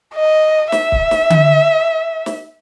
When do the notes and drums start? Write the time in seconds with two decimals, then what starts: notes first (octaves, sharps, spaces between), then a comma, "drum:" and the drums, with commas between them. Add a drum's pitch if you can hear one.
0.15 D#5
0.72 E5, drum: snare
0.92 drum: kick C#1
1.11 drum: snare
1.30 drum: tom D3
2.26 drum: snare